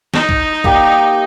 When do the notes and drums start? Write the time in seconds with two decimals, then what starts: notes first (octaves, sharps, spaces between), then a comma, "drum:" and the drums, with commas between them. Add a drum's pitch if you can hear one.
0.14 D#4, drum: snare
0.29 drum: kick
0.64 A#3 G4, drum: kick